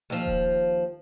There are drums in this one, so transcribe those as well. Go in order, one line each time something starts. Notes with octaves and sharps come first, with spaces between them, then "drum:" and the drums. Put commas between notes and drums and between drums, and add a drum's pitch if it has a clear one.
D#2 F3
drum: kick D#1